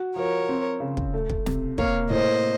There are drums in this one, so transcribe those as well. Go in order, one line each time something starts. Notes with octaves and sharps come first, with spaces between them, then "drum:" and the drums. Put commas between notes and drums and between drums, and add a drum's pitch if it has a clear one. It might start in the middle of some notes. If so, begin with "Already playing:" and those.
Already playing: F#4
F3 A#4 C#5
C4
C#3
drum: kick
A3
drum: kick
C3, drum: snare
A#3 C#5 F5, drum: kick
A2 C5 D#5